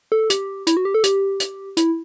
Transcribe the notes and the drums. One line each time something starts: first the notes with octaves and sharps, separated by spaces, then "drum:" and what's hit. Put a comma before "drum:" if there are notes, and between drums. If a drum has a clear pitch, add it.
A4
G4, drum: hi-hat
E4, drum: hi-hat
F#4
G4
A4
G4, drum: hi-hat
drum: hi-hat
E4, drum: hi-hat